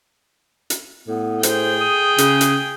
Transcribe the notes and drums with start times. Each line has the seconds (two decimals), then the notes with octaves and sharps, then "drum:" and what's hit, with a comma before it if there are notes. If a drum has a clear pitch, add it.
0.70 drum: hi-hat
1.08 A2 B3
1.43 G#4 C5 G5, drum: hi-hat
1.81 D#6
2.18 C#3, drum: hi-hat
2.41 drum: hi-hat